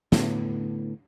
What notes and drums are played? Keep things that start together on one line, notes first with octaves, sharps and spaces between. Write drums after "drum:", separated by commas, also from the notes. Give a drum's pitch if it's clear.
A2 D3 B3, drum: snare